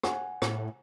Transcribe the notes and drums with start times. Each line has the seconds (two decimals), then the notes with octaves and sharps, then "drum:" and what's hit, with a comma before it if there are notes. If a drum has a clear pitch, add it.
0.03 F#5 G#5, drum: rim click
0.42 A2, drum: rim click